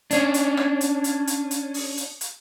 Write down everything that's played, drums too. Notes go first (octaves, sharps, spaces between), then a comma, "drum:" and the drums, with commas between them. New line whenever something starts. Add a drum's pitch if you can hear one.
C#4 D4, drum: hi-hat
drum: hi-hat
drum: rim click
drum: hi-hat
drum: hi-hat
drum: hi-hat
drum: hi-hat
drum: open hi-hat
drum: hi-hat
drum: hi-hat